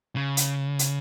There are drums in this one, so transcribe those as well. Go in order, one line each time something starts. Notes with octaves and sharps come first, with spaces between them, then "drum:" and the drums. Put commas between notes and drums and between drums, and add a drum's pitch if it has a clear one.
C#3
drum: hi-hat
drum: hi-hat